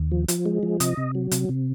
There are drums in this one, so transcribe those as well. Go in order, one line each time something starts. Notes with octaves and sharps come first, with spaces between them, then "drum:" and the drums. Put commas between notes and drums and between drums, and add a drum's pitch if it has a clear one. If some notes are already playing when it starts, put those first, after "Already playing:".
Already playing: D#2
F3
F3, drum: hi-hat
G#3
F3
C3 D#5, drum: hi-hat
C3
F#3
C3, drum: hi-hat
C3